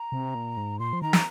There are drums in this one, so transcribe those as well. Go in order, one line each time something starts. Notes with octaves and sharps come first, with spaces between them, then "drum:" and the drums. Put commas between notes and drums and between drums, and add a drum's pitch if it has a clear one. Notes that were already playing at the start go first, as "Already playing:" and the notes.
Already playing: A#5
C3
A#2
G#2
A#2 C6
F3
D#3 A#5
drum: snare